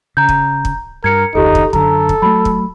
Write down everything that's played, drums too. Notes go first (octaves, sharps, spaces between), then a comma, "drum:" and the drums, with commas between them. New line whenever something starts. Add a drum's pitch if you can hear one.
C#3 A#5 G6
drum: kick
drum: kick
G2 A#4 G#6 C#7
F1 D2 D#4 F4 G4 A4
drum: kick
F#2 D3 A4 A#5, drum: kick
drum: kick
F#3 A3 B5
drum: kick